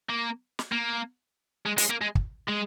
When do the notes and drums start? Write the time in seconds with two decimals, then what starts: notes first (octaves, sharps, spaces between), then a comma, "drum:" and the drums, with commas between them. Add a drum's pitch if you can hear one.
0.09 A#3
0.59 drum: snare
0.72 A#3
1.66 G#3
1.78 G#3, drum: hi-hat
1.90 A#3
2.02 G#3
2.15 drum: kick
2.48 G#3